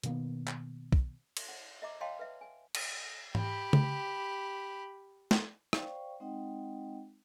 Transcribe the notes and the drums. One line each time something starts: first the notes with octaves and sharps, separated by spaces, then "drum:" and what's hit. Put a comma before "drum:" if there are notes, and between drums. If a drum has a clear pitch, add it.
B2 D#3 A#3 B3, drum: hi-hat
drum: clap
drum: kick
drum: cymbal
F#5
D#5 E5 A#5 D6
C#5 D#5 F5 G5 A5 C6
B4 E5
G#5
drum: cymbal
G4 B5, drum: tom G#2
drum: tom C#3
drum: snare
C5 D5 F5 G5 C#6, drum: rim click
G#3 C4 D#4 D#5 F#5 G5